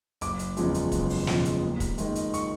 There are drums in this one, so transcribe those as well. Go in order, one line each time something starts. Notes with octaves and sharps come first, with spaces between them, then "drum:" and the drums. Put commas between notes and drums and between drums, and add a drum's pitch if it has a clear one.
F#1 D6, drum: hi-hat
drum: hi-hat
E2 C#3 F3 G#3, drum: hi-hat
drum: hi-hat
F#1, drum: kick, hi-hat
drum: open hi-hat
E2 C#3 F3 G#3, drum: snare
drum: hi-hat
D#2
drum: kick, hi-hat
D#3 G#3, drum: hi-hat
drum: hi-hat
C#6, drum: hi-hat